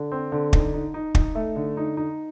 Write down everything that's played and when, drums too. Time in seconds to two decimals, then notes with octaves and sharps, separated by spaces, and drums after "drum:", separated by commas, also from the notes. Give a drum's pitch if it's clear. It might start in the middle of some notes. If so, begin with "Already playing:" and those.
Already playing: D3
0.12 C4
0.32 D3
0.53 D#4, drum: kick
0.74 D#4
0.94 D#4
1.15 D#4, drum: kick
1.35 A3
1.56 D3
1.77 D#4
1.97 D#4